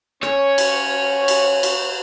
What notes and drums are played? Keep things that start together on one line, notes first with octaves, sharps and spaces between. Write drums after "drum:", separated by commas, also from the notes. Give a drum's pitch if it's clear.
C#4 C#5, drum: rim click
drum: cymbal
drum: cymbal
drum: cymbal